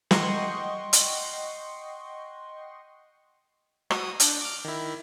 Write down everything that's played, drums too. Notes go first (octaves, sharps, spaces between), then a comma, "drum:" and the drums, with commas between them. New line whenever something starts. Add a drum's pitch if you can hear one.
D#5 F#5 G5 C6 C#6, drum: snare
drum: hi-hat
F#4 D#6, drum: rim click
D4 G6, drum: hi-hat
D6 F6
D#3 E4